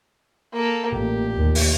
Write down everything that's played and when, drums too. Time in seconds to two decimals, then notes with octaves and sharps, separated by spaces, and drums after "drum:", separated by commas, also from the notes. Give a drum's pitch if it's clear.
0.53 A#3 A4
0.92 A1 A#2 A#3 G4
1.37 D#2
1.55 drum: open hi-hat